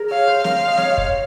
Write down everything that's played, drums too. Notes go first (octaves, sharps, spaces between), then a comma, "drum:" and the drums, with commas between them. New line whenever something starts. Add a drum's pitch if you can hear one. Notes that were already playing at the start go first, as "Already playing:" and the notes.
Already playing: G#4 A#4
C#5 F5
C5
A#4 F5, drum: snare
C5
D#5
C#5, drum: snare
C5
C#5, drum: kick